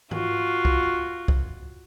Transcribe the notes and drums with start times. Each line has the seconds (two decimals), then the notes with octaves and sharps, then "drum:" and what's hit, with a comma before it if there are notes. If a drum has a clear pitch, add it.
0.11 F4 F#4, drum: tom G#2
0.65 drum: kick
1.28 drum: kick